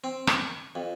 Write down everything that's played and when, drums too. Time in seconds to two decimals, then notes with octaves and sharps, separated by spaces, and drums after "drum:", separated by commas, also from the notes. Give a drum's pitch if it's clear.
0.04 C4
0.27 C#6, drum: rim click
0.75 F2